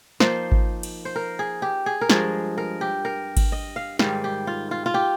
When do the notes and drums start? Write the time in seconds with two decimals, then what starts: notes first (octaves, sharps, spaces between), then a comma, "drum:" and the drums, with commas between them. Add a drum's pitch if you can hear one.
0.20 F3 A#3 D#4 C5, drum: snare
0.52 drum: kick G#1
0.83 drum: cymbal
1.05 C5
1.16 A#4
1.39 G#4
1.62 G4
1.86 G#4
2.01 A#4
2.10 G2 F3 G#3 G#4, drum: snare
2.58 A#4
2.81 G4
3.05 A#4
3.37 drum: kick G#1, cymbal
3.52 D#5
3.76 F5
3.99 G#2 D#3 G3 F5, drum: snare
4.24 G4
4.47 F4
4.71 F4
4.86 F4
4.94 G4